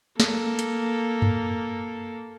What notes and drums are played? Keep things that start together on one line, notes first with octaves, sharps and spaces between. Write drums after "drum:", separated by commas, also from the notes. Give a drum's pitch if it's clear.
A#3 A4, drum: snare
drum: hi-hat
drum: tom F#2